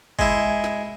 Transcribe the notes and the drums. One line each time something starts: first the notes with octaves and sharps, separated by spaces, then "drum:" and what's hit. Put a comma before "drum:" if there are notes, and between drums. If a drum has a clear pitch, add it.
G#3 E4, drum: kick G1
drum: snare